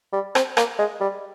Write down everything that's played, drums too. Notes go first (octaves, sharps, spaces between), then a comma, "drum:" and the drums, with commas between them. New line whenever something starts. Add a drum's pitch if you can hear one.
G3
C4, drum: rim click
A#3, drum: rim click
G#3
G3